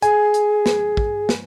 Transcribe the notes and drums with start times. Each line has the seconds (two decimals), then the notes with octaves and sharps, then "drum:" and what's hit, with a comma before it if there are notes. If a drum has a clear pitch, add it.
0.02 G#4 G#5, drum: hi-hat
0.34 drum: hi-hat
0.66 drum: snare
0.97 drum: kick
1.29 drum: snare